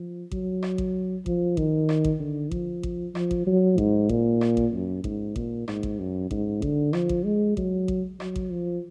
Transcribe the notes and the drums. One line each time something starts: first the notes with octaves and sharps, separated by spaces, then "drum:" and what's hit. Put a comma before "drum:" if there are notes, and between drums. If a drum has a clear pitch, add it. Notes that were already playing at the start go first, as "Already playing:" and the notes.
Already playing: F3
F#3, drum: kick A1
drum: rim click
drum: kick A1
F3, drum: kick A1
D#3, drum: kick A1
drum: rim click
drum: kick A1
D3
F3, drum: kick A1
drum: kick A1
F3, drum: rim click
drum: kick A1
F#3
G#2, drum: kick A1
A#2, drum: kick A1
drum: rim click
drum: kick A1
F#2
G#2, drum: kick A1
A#2, drum: kick A1
G#2, drum: rim click
drum: kick A1
F#2
G#2, drum: kick A1
D3, drum: kick A1
F3, drum: rim click
drum: kick A1
G#3
F#3, drum: kick A1
drum: kick A1
F#3, drum: rim click
drum: kick A1
F3